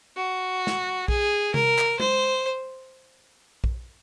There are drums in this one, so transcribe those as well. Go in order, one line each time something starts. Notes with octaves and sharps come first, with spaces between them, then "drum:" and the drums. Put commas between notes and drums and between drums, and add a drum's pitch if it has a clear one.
F#4
drum: snare
G#4, drum: kick A#1
A#4, drum: tom C3
drum: clap
C5, drum: tom G#3
drum: kick A#1